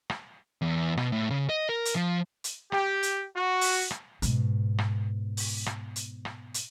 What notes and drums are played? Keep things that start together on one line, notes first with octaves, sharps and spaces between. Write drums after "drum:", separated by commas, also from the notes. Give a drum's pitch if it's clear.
drum: rim click
E2
B2, drum: rim click
A2
C#3
D#5
A#4
drum: hi-hat
F3
drum: hi-hat
G4, drum: rim click
drum: hi-hat
F#4
drum: open hi-hat
drum: rim click
G#2 B2, drum: hi-hat
drum: rim click
drum: open hi-hat
drum: rim click
drum: hi-hat
drum: rim click
drum: hi-hat